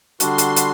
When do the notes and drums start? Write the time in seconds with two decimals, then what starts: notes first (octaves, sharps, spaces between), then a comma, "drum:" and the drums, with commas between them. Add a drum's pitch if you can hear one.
0.20 D3 G3 D4 F#4 C6, drum: hi-hat
0.38 drum: hi-hat
0.56 drum: hi-hat